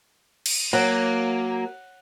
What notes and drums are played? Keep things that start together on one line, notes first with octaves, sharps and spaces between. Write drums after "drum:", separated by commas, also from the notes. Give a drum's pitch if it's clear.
drum: cymbal
F#3 A#3